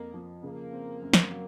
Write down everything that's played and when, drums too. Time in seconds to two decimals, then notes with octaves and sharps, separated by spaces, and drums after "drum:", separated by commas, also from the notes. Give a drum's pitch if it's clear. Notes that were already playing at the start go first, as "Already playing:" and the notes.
Already playing: F2 A#3
0.14 F3
0.43 C#3 A#3
0.72 C4
1.01 F#2
1.13 drum: snare
1.31 F#3